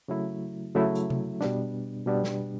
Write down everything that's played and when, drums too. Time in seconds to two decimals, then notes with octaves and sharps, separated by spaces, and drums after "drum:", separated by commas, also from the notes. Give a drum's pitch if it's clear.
0.08 C#3 F#3 A3 E4
0.75 C#3 F#3 A3 E4
0.95 drum: hi-hat
1.10 drum: tom C3
1.41 B2 G3 B3 D4, drum: snare
2.06 B2 G3 B3 D4
2.24 drum: snare